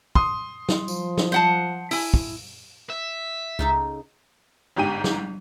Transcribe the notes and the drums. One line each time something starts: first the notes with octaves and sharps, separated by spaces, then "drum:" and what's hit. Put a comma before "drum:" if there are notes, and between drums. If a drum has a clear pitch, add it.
C6 D#6, drum: kick
drum: snare
F3, drum: tambourine
drum: snare
C5 F#5 A5
E4 G#5, drum: open hi-hat
drum: kick
E5
C#2 C#3 D#4 A4
G1 G#2 G4 G5 D#7
drum: snare